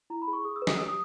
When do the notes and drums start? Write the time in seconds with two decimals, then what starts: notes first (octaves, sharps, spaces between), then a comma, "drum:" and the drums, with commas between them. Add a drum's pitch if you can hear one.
0.10 E4 A#5
0.22 B5
0.27 G#4
0.33 C#6
0.45 G#4 D#6
0.56 E6
0.62 B4
0.67 D#6, drum: snare
0.78 G4 E6
0.88 D#6